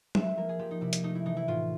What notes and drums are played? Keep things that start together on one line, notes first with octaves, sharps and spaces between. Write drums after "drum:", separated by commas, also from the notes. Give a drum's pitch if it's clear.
F3 E5, drum: tom F#3
A#3 A#4
G#4
F3 G4
D#4
C3 E4
D#4, drum: hi-hat
A3 D#4
E4
E3 D#4
E4
A2 F4